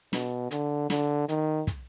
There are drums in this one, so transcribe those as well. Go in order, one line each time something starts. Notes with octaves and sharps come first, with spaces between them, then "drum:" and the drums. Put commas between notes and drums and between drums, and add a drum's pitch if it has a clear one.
B2, drum: snare
D3, drum: hi-hat
D3, drum: snare
D#3, drum: hi-hat
drum: kick, hi-hat